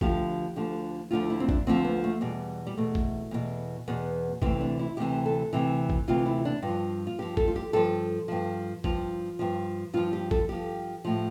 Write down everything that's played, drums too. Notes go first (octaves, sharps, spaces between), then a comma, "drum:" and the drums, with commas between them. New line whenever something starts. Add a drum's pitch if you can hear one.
D2 D3 F3 G4, drum: kick
D2 D3 F3
D2 D3 F3 F4
E4
C4
D4, drum: kick
D2 D3 F3 C4
B3
A3
E2 B2 G3
G3
E2 B2 A3
drum: kick
E2 B2
E2 B2 B3
D2 C3 E3 C4, drum: kick
D4
E4
D2 C3 E3 G4
A4
D2 C3 E3
drum: kick
D2 C3 E3 F4
E4
D4
G2 F3 F4
F4
G2 F3 G4
A4, drum: kick
F4
G4
G2 F3 A4
G2 F3
G2 F3 F4, drum: kick
G2 F3
G2 F3 F4
G4
A4, drum: kick
G2 F3 G4
A2 F3